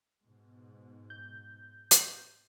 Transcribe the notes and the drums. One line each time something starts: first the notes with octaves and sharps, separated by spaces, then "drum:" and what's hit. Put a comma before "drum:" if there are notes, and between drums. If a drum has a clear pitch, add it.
G#2 B2
G6
drum: hi-hat